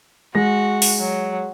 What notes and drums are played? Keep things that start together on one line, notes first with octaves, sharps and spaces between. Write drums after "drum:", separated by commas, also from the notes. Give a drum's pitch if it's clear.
G#3 F#4 A#6
drum: open hi-hat
F#3